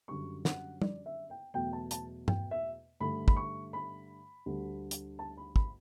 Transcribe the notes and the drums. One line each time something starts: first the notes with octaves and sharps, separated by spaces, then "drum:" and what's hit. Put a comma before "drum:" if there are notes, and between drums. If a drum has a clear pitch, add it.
F#2 D3 G3 C#6
F#5, drum: snare
D5, drum: tom
E5
G5
E2 B2 F#3 A3 G5
A5
A5, drum: hi-hat
G5, drum: tom G2
E5
G2 D3 A3 B5
B5, drum: kick
C#6
B5
D2 D3 G3
drum: hi-hat
A5
B5
B5, drum: kick